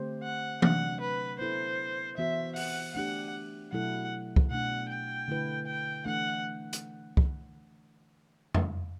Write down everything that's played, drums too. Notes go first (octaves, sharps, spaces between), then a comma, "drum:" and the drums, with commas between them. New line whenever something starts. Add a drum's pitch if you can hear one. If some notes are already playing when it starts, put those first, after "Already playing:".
Already playing: D3 A3 C4 G4 C5
F#5
C3 F#3 A3 D4 F#5, drum: tom E3
B4
B3 E4 A4 C5
E3 B3 F#4 C5 E5
F#5, drum: open hi-hat
A3 D4 G4 F#5
B2 F#3 A3 E4 A4 F#5
drum: kick C2
B2 A3 D4 F#5
G5
D3 A3 E4 B4
G5
E3 A3 D4 F#5
drum: hi-hat
drum: kick C2
drum: tom F2